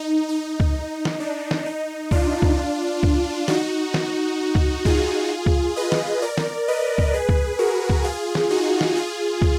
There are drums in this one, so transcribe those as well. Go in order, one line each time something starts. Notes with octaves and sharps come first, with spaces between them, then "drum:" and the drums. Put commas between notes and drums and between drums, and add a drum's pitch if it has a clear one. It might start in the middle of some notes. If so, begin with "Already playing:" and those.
Already playing: D#4
D#4
drum: kick
drum: snare
D4
drum: snare
D#4
D4 F4, drum: kick
drum: kick
drum: kick
D#4 F#4, drum: snare
drum: snare
drum: kick
F4 G#4, drum: kick
drum: kick
B4 D#5
drum: snare
A#4 D5
drum: snare
B4 D#5
drum: kick
G#4 B4
drum: kick
F#4 A#4
drum: kick
F4 G#4
drum: snare
D#4 F#4
drum: snare
F4 G#4
drum: kick